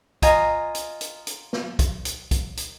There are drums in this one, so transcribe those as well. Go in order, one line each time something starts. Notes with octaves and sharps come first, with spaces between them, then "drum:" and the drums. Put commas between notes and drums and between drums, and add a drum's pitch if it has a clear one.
F4 D#5 G#5 A#5, drum: kick, hi-hat
drum: hi-hat
drum: hi-hat
drum: hi-hat
drum: snare
drum: kick, hi-hat
drum: hi-hat
drum: kick, hi-hat
drum: hi-hat